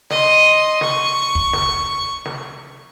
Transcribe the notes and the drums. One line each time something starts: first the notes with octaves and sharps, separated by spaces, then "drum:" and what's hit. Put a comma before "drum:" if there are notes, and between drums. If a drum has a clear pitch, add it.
D#5 C6, drum: snare
C#6, drum: snare
drum: kick
drum: snare
drum: snare